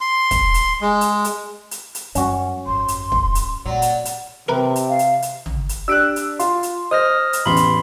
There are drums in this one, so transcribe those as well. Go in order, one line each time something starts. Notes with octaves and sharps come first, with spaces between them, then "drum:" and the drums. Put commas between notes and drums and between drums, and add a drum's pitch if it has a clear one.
C6
drum: kick, hi-hat
drum: hi-hat
G#3
drum: hi-hat
drum: hi-hat
drum: hi-hat
drum: hi-hat
F#2 F#3 C#4 F#4, drum: hi-hat
G#1 F#2 C6
drum: hi-hat
drum: kick
drum: hi-hat
A#2 F#3 D5
drum: hi-hat
drum: hi-hat
C3 A#4 B4 B5
drum: hi-hat
F5
drum: hi-hat
drum: hi-hat
drum: tom
drum: hi-hat
D4 G4 E6 F#6 D7
drum: hi-hat
F4 C6, drum: hi-hat
drum: hi-hat
C5 D#5 D#6 F6 A#6
drum: hi-hat
A1 E2 B5 C6
drum: hi-hat